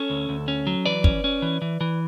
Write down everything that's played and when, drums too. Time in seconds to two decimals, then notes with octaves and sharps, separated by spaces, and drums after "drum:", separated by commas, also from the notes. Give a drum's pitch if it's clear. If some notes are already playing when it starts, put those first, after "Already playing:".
Already playing: C#4 A4 C#5
0.10 D2
0.29 D2
0.48 C#4
0.67 F#3
0.85 E3 B4 D5
1.04 C#4, drum: kick
1.24 C#4
1.42 E3
1.62 E3
1.81 E3